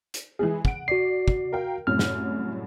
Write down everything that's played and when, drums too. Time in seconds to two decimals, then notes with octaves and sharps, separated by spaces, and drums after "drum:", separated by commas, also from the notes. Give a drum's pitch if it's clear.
0.14 drum: hi-hat
0.39 E3 G#3 G#4
0.65 F#5 D7, drum: kick
0.88 F#4 D5 C7
1.28 drum: kick
1.52 A#4 F5 G5
1.87 C2 F#2 A2 F6
1.99 drum: snare